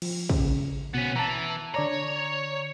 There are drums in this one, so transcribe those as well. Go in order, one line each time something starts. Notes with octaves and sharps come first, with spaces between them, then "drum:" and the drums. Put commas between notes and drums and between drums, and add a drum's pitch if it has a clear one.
F3, drum: cymbal
C#3, drum: kick
B2 B3 C#4 B6
E3 A5 A#5
D3 C#5 D5 A#5